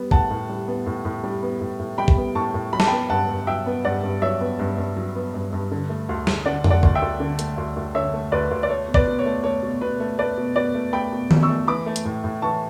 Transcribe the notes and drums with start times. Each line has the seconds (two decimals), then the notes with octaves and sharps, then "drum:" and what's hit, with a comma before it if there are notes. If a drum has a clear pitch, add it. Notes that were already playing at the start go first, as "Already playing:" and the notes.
Already playing: G3 B3
0.11 A2 F#5 A5, drum: kick
0.30 A2
0.49 G3
0.68 B3
0.86 A2
1.05 A2
1.24 G3
1.42 B3
1.61 A2
1.79 A2
1.98 G3 G5 B5
2.08 drum: kick
2.17 B3
2.35 A2 A5 C#6
2.54 A2
2.73 F#3 B5
2.80 A5, drum: snare
2.87 G5 B5
2.91 B3
3.10 G2 F#5 A5
3.29 G2
3.47 F#3 E5 G5
3.66 B3
3.85 G2 D5 F#5
4.03 G2
4.22 F#3 C#5 E5
4.41 B3
4.59 G2
4.78 G2
4.96 F#3
5.15 B3
5.34 G2
5.53 G2
5.71 D3
5.90 A3
6.09 D2
6.27 D2, drum: snare
6.45 D3 D5 F#5
6.64 A3, drum: tom F2
6.70 D5 F#5
6.83 D2, drum: kick
6.95 E5 G5
7.02 D2
7.20 D3
7.39 A3, drum: hi-hat
7.58 D2
7.76 D2
7.95 D3 C#5 E5
8.14 A3
8.32 D2 B4 D5
8.51 D2
8.63 D5
8.69 A3 C#5
8.88 B2
8.94 B4 D5, drum: kick
9.07 B2
9.19 C#5
9.26 A3
9.44 A3 C#5
9.63 B2
9.81 B2 B4
10.00 A3
10.19 A3 B4 D5
10.37 B2
10.56 B2 B4 D5
10.74 A3
10.93 A3 G5 B5
11.12 B2
11.31 B2, drum: tom D#3
11.43 C#6 E6
11.49 A3
11.68 E3 B5 D6
11.86 A3
11.96 drum: hi-hat
12.05 A2
12.24 A2
12.42 E3 A5 C#6